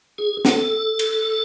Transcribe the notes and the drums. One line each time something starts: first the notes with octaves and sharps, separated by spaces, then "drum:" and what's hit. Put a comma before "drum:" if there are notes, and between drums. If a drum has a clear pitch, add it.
G#4
A4, drum: snare
drum: cymbal